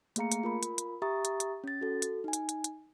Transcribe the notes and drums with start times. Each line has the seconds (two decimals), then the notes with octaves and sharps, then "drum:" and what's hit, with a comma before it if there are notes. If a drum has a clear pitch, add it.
0.16 A3 A#3 G#4 F5 A#5 C#7, drum: hi-hat
0.32 drum: hi-hat
0.43 F4 A#4 B5
0.63 drum: hi-hat
0.78 drum: hi-hat
1.02 G4 E5 A#5 C#6 D#6 A6
1.25 drum: hi-hat
1.40 drum: hi-hat
1.64 C#4 A6
1.81 F#4 A4
2.02 drum: hi-hat
2.24 D#4 G#5
2.33 drum: hi-hat
2.49 drum: hi-hat
2.64 drum: hi-hat